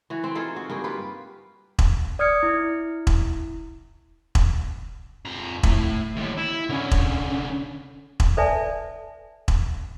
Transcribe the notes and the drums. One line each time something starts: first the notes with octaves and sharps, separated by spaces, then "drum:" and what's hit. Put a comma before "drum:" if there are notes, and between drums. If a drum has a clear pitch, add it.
E3 F#4
C4
D#4 F4 G#4 A4
F#4
G2 A#3 G#4 G5
F4 G4 B4
drum: kick E1
D5 D#6 F6 G#6 C#7
E4
drum: kick E1
drum: kick E1
F2 A#5
A3 E4, drum: kick E1
D#2 A2
E4
D3 C#4
drum: kick E1
drum: kick E1
A4 B4 D5 E5 G#5 A5
drum: kick E1